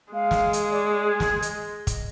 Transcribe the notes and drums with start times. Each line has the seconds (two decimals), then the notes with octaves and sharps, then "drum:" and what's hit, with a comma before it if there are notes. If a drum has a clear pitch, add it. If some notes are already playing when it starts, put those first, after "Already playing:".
0.13 G#3 F5
0.31 drum: snare
0.53 drum: hi-hat
0.70 D5
1.04 G#4
1.20 drum: snare
1.42 D#5, drum: hi-hat
1.87 drum: kick, hi-hat